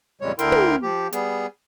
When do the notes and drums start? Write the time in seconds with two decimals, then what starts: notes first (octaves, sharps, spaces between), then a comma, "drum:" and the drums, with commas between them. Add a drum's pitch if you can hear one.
0.21 F2 A#2 C#3 G3 G#3 C#5
0.39 D2 D3 E4 A#4 G5 C6, drum: hi-hat
0.52 drum: tom
0.82 F3 G4
1.12 G3 B3 G#4, drum: hi-hat